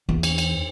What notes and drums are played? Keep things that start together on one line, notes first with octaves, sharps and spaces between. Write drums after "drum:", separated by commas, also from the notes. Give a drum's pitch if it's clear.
E2
drum: cymbal
drum: cymbal